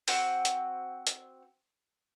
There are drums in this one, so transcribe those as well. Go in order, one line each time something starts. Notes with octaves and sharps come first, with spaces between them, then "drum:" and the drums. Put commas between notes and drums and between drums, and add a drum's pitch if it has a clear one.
C4 F#4, drum: open hi-hat
drum: hi-hat
drum: hi-hat